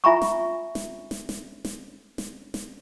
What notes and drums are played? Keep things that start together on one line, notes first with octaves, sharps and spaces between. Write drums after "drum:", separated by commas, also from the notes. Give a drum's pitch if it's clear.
F4 E5 G#5 A#5 B5 C#6
drum: snare
drum: snare
drum: snare
drum: snare
drum: snare
drum: snare
drum: snare